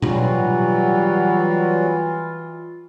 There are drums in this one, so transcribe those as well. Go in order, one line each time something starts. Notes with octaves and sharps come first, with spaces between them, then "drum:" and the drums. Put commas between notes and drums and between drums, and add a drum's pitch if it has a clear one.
E3 F#3 G3 F4 F#4, drum: tom B2